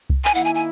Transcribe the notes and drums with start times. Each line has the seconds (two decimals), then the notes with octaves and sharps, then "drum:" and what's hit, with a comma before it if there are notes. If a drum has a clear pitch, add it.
0.10 drum: kick C2
0.25 G#5, drum: clap
0.34 D#3 A#3 E4 F#5
0.45 G#5
0.55 G#5